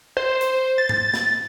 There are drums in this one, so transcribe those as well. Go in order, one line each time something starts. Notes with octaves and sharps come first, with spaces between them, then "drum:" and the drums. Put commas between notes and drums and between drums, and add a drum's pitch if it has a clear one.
C5
drum: hi-hat
A6
drum: tom G#2
drum: snare